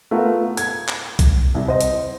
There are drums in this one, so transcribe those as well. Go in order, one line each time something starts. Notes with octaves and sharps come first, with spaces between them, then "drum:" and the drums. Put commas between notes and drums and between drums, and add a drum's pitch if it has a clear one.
A3 B3 F4 A#4
G#6, drum: hi-hat
drum: clap
drum: kick B1, hi-hat
C2
C5 D#5
drum: hi-hat